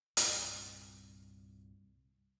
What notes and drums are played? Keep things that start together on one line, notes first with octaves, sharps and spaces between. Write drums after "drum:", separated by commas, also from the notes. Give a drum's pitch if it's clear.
C2 G2 A#2, drum: hi-hat